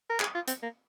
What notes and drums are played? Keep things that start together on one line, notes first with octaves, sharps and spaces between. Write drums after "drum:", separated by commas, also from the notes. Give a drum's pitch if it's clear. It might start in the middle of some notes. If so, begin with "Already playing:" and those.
A#4
G#4, drum: clap
F4
C4, drum: hi-hat
A#3